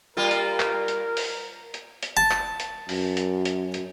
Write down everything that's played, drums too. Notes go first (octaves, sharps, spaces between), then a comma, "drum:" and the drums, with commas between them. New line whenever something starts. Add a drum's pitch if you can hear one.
G3 A#3 F4 A#4
drum: hi-hat
drum: clap
drum: hi-hat
drum: open hi-hat
drum: hi-hat
drum: hi-hat
A5
drum: clap
drum: hi-hat
F#2, drum: open hi-hat
drum: hi-hat
drum: hi-hat
drum: hi-hat